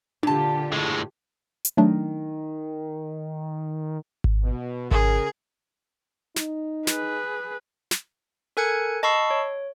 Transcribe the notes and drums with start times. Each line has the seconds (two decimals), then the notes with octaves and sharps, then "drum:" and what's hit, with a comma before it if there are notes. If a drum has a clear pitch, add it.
0.23 A#2 D3 F4 G4 A5, drum: tom D4
0.72 A2 G#3
1.65 drum: hi-hat
1.77 D#3 F#3 A3 D4
4.24 drum: kick G#1
4.43 B2
4.91 C#3 G#4 A#4, drum: kick G#1
6.36 D#4, drum: snare
6.87 G#4 B4, drum: snare
7.91 drum: snare
8.57 A4 A#4 G#5 F#6 G#6 C#7
9.03 D#5 A5 B5 C#6 E6 C7
9.31 C#5